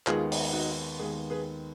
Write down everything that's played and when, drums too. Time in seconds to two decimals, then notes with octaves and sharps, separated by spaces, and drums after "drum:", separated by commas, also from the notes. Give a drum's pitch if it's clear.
0.07 D#2 D#3 G#3 B3 F4 G#4, drum: clap
0.32 drum: open hi-hat
0.53 D#4 F#4
0.99 D#2 D#3 G#3 B3 G#4 B4
1.30 G#4 B4